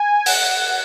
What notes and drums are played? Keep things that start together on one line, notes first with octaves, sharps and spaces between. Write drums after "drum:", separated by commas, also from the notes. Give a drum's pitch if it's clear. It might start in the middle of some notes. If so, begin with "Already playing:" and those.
Already playing: G#5
F#5, drum: open hi-hat